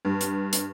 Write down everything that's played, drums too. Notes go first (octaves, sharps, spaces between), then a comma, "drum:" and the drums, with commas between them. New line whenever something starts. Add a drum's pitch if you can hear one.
G2
drum: hi-hat
drum: hi-hat